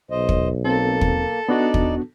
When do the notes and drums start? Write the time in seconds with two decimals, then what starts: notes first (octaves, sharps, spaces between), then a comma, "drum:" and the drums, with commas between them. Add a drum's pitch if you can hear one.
0.11 B1 C5 D#5
0.29 drum: kick
0.65 A#3 C4 A4
1.01 drum: kick
1.49 B3 D4 D#4 F#4 D5
1.74 drum: kick